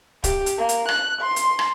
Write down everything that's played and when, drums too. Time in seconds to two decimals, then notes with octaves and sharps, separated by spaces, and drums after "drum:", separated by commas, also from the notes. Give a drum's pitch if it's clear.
0.24 G4, drum: kick, hi-hat
0.46 drum: hi-hat
0.58 A#3
0.69 drum: hi-hat
0.89 F#6, drum: rim click
1.21 C6
1.36 drum: hi-hat
1.59 drum: rim click